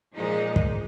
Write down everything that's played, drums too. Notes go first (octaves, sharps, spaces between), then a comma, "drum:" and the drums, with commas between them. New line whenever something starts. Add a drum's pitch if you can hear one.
A#2 F3 G#3 D#4
drum: kick